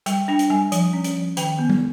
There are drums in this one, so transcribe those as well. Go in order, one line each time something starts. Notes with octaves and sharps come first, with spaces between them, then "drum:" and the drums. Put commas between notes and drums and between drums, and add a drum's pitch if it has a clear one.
G3 G5, drum: hi-hat
D4 G5
drum: hi-hat
G3 G#5
F3, drum: hi-hat
C#4
drum: hi-hat
F3
D#3 G5, drum: hi-hat
B3
drum: tom G3